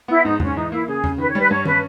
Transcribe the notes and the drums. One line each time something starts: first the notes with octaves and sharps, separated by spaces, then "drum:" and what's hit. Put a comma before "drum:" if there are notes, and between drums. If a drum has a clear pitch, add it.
B3 E4
G#2 D#4
G#2 C#4, drum: tom E2
E3 D#4
A#3 E4
C#3 G#4
C#3, drum: tom E2
D#3 B4
C#5
G3 B4
G2 C#5
C#4 B4, drum: tom